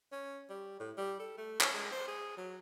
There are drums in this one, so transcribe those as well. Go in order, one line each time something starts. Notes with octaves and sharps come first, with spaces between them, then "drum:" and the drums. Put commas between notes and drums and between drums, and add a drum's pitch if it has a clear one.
C#4
G3
A2
G3
A4
A3
C#4, drum: clap
G#3
C5
G#4
F#3